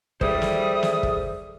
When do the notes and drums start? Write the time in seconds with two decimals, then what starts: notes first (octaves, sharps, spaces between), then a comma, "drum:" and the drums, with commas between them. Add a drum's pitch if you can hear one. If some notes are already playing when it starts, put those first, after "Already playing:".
0.21 G3 G#4 A4 C5 E5 D#6, drum: kick
0.42 drum: snare
0.83 drum: snare
1.03 drum: kick